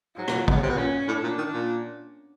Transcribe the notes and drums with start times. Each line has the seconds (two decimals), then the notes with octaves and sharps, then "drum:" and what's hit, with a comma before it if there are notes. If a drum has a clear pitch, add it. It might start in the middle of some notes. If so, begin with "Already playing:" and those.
0.17 G#2 F#3
0.28 B2, drum: rim click
0.32 A#2
0.48 B3, drum: kick
0.56 C#3
0.63 C3
0.70 B2
0.78 A#2 C#4
1.08 A2 D4
1.24 A#2
1.38 D#3
1.53 A#2